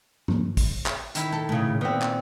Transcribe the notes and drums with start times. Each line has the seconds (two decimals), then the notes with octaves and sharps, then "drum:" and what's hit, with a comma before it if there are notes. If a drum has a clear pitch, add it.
0.28 drum: tom
0.57 drum: kick, open hi-hat
0.86 drum: clap
1.15 D#3 E4, drum: hi-hat
1.32 A4
1.49 A2 C#3
1.81 A#2 B3 C4
2.02 drum: clap